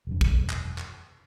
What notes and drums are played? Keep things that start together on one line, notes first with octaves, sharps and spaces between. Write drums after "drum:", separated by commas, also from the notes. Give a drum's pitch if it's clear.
E1 F#2
drum: kick
drum: clap
drum: clap